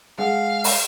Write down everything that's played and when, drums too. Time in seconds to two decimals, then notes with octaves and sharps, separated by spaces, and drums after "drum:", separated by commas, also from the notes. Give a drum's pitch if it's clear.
0.18 G#3 G#4 F5 F#5
0.64 drum: open hi-hat